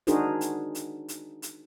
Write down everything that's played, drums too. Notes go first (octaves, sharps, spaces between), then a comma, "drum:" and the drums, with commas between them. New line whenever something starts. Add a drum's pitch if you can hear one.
D4 D#4 F#4 G#4 A#4 C5, drum: hi-hat
drum: hi-hat
drum: hi-hat
drum: hi-hat
drum: hi-hat